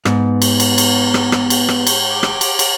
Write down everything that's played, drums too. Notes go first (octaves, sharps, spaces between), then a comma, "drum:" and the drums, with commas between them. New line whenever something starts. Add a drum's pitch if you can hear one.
G#2 B3, drum: rim click
drum: cymbal
drum: cymbal
drum: cymbal
drum: rim click
drum: rim click
drum: cymbal
drum: rim click
drum: cymbal
D6
drum: rim click
drum: cymbal
drum: cymbal